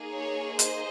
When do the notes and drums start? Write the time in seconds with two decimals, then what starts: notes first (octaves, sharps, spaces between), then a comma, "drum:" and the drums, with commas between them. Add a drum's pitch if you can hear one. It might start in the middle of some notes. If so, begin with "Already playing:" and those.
Already playing: A#3 D#4 G#4
0.12 C#5
0.59 C5 D#5, drum: hi-hat